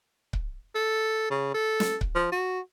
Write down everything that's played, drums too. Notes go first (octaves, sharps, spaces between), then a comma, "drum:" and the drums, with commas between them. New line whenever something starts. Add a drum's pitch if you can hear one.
drum: kick C#1
A4
C#3
A4
drum: snare
drum: kick C#1
F3
F#4